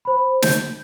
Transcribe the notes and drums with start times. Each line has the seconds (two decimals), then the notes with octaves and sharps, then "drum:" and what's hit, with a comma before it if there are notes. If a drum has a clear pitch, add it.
0.05 C5 B5
0.42 G6, drum: snare